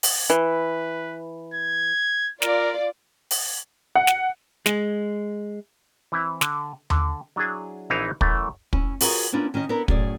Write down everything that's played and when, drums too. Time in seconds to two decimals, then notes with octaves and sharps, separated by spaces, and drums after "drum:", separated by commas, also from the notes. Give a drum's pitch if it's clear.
0.03 drum: open hi-hat
0.30 E3 B4
1.54 G#6
2.42 F4 A#4 D5, drum: snare
3.31 drum: open hi-hat
3.95 F#5
4.07 drum: snare
4.66 G#3, drum: snare
6.12 E3 C4 E4
6.41 D3, drum: snare
6.90 D3, drum: tom D#2
7.36 F#3 D4 E4 G#4
7.90 A#1 E3 C4 D#4 E4 F5
8.21 F#2 E3 A3, drum: kick
8.73 C#4 E4, drum: kick
9.01 F4 F#4 G#4 A#4 B4 C#5, drum: open hi-hat
9.32 A#3 B3 C#4 D4 E4 F4
9.54 D#3 C#4 E4 D#5
9.69 B3 D4 E4 A#4
9.88 F#2 A2 G#4 C#5 D5, drum: kick